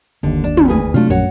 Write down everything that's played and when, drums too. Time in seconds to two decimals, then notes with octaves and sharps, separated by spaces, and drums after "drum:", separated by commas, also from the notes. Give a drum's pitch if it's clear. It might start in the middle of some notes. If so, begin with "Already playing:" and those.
0.23 G1 D#2 D3
0.44 D4
0.57 drum: tom
0.68 D2 G#4 B4
0.94 C3 F#3 A3 D4 F4
1.10 A#1 F#2 F#4 C#5 F#5